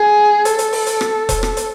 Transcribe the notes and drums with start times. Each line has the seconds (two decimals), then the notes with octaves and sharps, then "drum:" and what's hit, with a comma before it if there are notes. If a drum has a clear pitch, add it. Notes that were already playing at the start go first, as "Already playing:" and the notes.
Already playing: G#4
0.45 A4, drum: hi-hat
0.59 drum: hi-hat
0.73 drum: open hi-hat
0.87 drum: hi-hat
1.01 drum: rim click
1.29 drum: kick E1, hi-hat
1.43 drum: rim click
1.57 drum: hi-hat